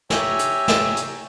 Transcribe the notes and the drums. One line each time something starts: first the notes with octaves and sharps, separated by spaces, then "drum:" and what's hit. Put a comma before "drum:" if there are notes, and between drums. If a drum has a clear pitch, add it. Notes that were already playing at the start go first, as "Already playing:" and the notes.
G4 C#5 E5 G#5 A#5 E6, drum: snare
drum: hi-hat
drum: snare
drum: hi-hat